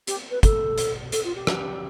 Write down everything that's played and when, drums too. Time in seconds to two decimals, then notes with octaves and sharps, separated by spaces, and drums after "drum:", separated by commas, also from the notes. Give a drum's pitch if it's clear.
0.07 G4, drum: hi-hat
0.31 B4
0.43 A4, drum: kick, hi-hat
0.78 drum: hi-hat
1.12 A4, drum: hi-hat
1.24 F4
1.35 G4
1.47 drum: rim click